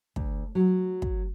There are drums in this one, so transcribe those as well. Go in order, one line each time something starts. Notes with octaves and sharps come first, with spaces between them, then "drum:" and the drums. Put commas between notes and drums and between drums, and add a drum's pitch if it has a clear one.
D2, drum: kick
F#3
drum: kick